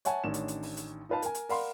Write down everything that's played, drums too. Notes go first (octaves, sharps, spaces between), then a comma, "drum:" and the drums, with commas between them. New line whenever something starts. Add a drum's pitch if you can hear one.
C#5 E5 F#5 G#5 A5, drum: hi-hat
A1 D#3 C#4 D4 E7
drum: hi-hat
drum: hi-hat
drum: open hi-hat
drum: hi-hat
D#4 F4 B4 F5 A5
A#4 G#5, drum: hi-hat
drum: hi-hat
A#4 D5 F5 F#5 B5 C6, drum: open hi-hat